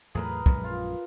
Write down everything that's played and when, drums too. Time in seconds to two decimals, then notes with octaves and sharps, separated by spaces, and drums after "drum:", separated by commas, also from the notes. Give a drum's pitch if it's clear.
0.15 E2 A2 F#3 G#4 A#4 B4
0.46 A#1 F#2 G#3, drum: kick
0.64 F4